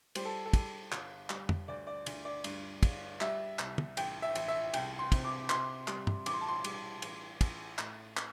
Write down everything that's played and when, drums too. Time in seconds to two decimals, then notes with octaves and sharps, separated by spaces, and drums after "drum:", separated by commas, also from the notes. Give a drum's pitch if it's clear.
0.15 G3 C5, drum: cymbal
0.25 A4
0.46 A4
0.53 G3, drum: kick, cymbal
0.92 G1, drum: clap
1.30 G3, drum: clap
1.49 drum: tom
1.68 D2 D5
1.87 D5
2.06 D2, drum: cymbal
2.25 D5
2.44 G2, drum: cymbal
2.83 G1, drum: kick, cymbal
3.21 G3 E5, drum: clap
3.59 C2, drum: clap
3.78 drum: tom
3.97 A1 G5, drum: cymbal
4.22 E5
4.35 A1, drum: cymbal
4.48 E5
4.74 C2 G5, drum: cymbal
4.99 C6
5.12 C3, drum: kick, cymbal
5.25 D6
5.50 C3 C6, drum: clap
5.88 G3, drum: clap
6.07 drum: tom
6.26 A1 D6, drum: cymbal
6.34 C6
6.41 A5
6.48 C6
6.64 G3, drum: cymbal
7.02 A1, drum: cymbal
7.41 A1, drum: kick, cymbal
7.78 A2, drum: clap
8.17 drum: clap